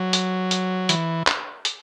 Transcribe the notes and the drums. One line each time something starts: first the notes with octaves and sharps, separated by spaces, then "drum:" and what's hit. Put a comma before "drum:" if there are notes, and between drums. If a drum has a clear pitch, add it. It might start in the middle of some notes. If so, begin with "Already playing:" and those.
Already playing: F#3
drum: hi-hat
drum: hi-hat
E3, drum: hi-hat
drum: clap
drum: hi-hat